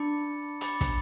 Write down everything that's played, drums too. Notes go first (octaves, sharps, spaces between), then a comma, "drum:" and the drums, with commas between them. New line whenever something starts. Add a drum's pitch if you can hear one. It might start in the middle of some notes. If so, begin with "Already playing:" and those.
Already playing: D4 B5 D6 A6 C#7
B5 D6 A6 C#7, drum: hi-hat
drum: kick, hi-hat